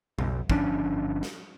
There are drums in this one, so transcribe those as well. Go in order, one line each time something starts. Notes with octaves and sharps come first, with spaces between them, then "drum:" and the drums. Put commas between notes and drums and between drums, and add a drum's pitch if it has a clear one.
B1, drum: tom
G1 F3 C#4 D4, drum: kick
drum: snare